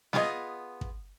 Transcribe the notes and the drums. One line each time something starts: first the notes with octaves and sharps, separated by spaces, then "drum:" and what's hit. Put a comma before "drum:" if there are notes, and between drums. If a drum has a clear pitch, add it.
B3 F4 G#4 C#5 D#5, drum: snare
drum: kick